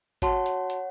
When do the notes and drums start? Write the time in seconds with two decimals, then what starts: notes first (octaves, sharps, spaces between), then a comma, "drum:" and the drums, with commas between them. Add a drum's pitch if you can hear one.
0.22 F#4 C#5 F#5 A5 C6, drum: kick G#1, hi-hat
0.46 drum: hi-hat
0.70 drum: hi-hat